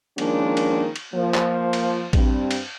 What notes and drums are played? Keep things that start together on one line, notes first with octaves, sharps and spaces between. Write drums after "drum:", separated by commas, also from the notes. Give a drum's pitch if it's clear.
D#3 F3 G#3 A#3 C#4 D4, drum: cymbal
drum: cymbal
drum: cymbal
F3 A#3
drum: clap
drum: cymbal
G2 C4, drum: kick A1, cymbal
drum: cymbal